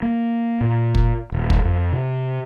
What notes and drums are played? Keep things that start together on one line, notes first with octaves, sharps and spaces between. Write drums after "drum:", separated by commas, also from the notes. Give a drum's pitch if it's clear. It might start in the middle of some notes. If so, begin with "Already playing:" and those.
A#3
A#2
drum: kick
D#1
drum: kick
F2
C3